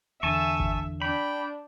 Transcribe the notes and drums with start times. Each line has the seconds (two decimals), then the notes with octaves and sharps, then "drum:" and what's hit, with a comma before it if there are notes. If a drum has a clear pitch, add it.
0.23 E2 D3 E5 G#5 A5 C#6
0.60 drum: kick G1
1.02 D4 G5 B5